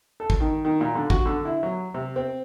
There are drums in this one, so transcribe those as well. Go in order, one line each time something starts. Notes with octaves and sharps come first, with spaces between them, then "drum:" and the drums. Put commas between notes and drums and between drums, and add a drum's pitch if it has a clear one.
A4
drum: kick
D#3
D#3
A#2
D3
F#4, drum: kick
D3
E4
F#3
C3
C4